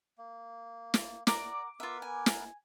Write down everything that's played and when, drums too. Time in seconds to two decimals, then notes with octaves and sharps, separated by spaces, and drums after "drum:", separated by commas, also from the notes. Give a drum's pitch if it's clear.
0.18 A#3
0.94 drum: snare
1.27 A#4 D5 F#5 A#5 D6, drum: snare
1.80 B3 F4 A#4 B4 E5
2.02 G#5
2.26 drum: snare